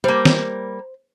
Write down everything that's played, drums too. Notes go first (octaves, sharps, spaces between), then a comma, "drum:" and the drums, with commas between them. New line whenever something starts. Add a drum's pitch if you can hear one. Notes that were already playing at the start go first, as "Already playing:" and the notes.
G3 A#3 C5
drum: snare